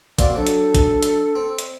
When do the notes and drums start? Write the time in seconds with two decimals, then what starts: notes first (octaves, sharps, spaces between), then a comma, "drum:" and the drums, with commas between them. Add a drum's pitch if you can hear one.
0.19 A#3 C4 F#4 D5, drum: kick, hi-hat
0.36 F#3 D4 A4
0.47 drum: hi-hat
0.75 drum: kick, hi-hat
1.03 drum: hi-hat
1.35 C4
1.59 drum: hi-hat